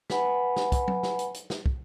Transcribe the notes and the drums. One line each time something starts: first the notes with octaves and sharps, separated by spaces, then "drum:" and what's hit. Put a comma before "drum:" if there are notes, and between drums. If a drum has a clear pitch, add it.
B4 F#5 G#5 B5, drum: snare
drum: snare
drum: kick, hi-hat
drum: tom F#3
drum: snare
drum: hi-hat
drum: hi-hat
drum: snare
drum: kick